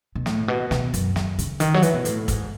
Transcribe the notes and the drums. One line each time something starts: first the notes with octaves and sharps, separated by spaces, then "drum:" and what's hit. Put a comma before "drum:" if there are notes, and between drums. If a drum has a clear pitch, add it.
B2
A2, drum: snare
B2
B2, drum: snare
F#2, drum: hi-hat
F#2, drum: snare
C#3, drum: hi-hat
D#3, drum: hi-hat
F#3
E3, drum: hi-hat
B2
A2, drum: hi-hat
G#2, drum: kick, hi-hat